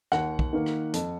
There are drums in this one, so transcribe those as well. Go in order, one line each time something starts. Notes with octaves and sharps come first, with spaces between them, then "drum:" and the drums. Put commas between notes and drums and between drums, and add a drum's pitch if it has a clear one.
D#2 F#5, drum: rim click
drum: kick
D#3 A#3
drum: rim click
F2, drum: hi-hat